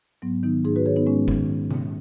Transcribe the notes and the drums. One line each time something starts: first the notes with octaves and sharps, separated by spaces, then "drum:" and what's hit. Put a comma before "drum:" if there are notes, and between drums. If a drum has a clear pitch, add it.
G#2 F#3 B3
D#3 B3 D#4
G#2 D#4 G#4
F#4 B4
D#3 G#4 C#5
B3 D#4
G#2 G#3 C#4
D#3, drum: kick F#1
drum: tom C3